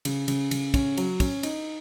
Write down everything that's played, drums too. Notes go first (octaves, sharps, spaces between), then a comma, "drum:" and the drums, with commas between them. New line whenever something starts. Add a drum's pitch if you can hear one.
C#3, drum: cymbal
C#3, drum: cymbal
C#3, drum: cymbal
C#4, drum: kick, cymbal
F#3, drum: cymbal
C#4, drum: kick, cymbal
D#4, drum: cymbal